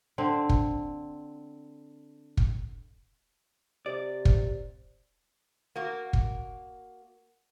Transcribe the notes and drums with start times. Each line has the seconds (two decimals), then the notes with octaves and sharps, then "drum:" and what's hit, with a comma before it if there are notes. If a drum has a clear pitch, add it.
0.18 D3 C4
0.49 drum: kick
2.37 drum: kick
3.86 C3 D5
4.25 drum: kick
5.76 A#3 F#4
6.13 drum: kick